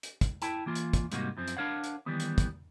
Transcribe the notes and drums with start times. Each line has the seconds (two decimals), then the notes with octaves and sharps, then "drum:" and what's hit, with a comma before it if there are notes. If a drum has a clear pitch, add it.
0.03 drum: hi-hat
0.21 drum: kick, hi-hat
0.42 E4 G5 A5, drum: hi-hat
0.66 E3 A#3 F4
0.75 drum: hi-hat
0.93 drum: kick, hi-hat
1.12 G#2 C3 G3 A#3 D#4 F#4, drum: hi-hat
1.37 F#2 F3 C4
1.48 drum: hi-hat
1.57 D4 A#4 C#5 F5 F#5
1.84 drum: hi-hat
2.06 D#3 E3 G3 B3
2.20 drum: hi-hat
2.38 drum: kick, hi-hat